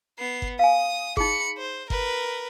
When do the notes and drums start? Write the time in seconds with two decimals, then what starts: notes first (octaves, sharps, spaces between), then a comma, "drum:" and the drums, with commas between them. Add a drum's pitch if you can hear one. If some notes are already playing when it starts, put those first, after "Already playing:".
0.19 B3 C7
0.42 drum: kick G1
0.59 F5 G#5 D#6
1.17 D#4 G#4 B5 C#7, drum: kick G1
1.58 C5
1.90 A#4 B4, drum: kick G1